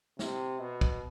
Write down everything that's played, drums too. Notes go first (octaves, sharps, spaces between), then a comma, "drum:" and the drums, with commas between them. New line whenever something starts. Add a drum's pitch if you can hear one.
C3, drum: snare
B2
drum: kick